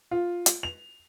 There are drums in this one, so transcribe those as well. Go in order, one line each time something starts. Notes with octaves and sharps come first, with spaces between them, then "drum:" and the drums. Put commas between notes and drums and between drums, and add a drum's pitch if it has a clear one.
F4
drum: hi-hat
F7